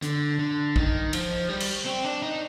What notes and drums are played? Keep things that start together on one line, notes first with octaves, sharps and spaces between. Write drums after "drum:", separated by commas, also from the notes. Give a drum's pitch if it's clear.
D3, drum: hi-hat
D3
D#3, drum: kick
F3, drum: cymbal
G3
drum: cymbal
C4
D4
D#4